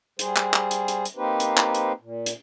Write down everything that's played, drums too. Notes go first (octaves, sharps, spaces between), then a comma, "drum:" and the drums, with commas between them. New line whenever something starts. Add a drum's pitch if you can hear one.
G3 G#4 C5, drum: hi-hat
drum: clap
drum: clap
drum: hi-hat
drum: hi-hat
drum: hi-hat
A#3 C4 D#4 G4 B4 C5
drum: hi-hat
drum: clap
drum: hi-hat
A#2
drum: hi-hat